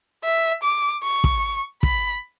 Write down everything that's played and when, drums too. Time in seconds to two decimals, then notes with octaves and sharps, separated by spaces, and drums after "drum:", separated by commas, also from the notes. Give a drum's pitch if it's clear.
0.25 E5
0.63 D6
1.04 C#6
1.24 drum: kick
1.83 B5, drum: kick